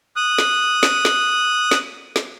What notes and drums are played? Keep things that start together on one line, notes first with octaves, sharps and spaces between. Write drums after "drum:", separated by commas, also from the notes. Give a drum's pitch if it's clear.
D#6 F#6
drum: snare
drum: snare
drum: snare
drum: snare
drum: snare